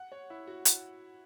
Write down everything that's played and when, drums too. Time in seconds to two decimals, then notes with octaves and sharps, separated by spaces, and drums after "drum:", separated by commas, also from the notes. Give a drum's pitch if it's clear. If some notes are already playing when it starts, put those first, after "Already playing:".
Already playing: F#5
0.12 C#5
0.30 E4
0.47 F#4
0.65 drum: hi-hat